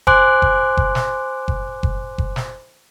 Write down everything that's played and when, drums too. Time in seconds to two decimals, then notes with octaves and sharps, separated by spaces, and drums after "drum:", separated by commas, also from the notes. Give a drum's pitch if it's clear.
0.07 C5 G#5 C6 D6 F#6, drum: kick F#1
0.42 drum: kick F#1
0.77 drum: kick F#1
0.95 drum: snare
1.48 drum: kick F#1
1.83 drum: kick F#1
2.18 drum: kick F#1
2.36 drum: snare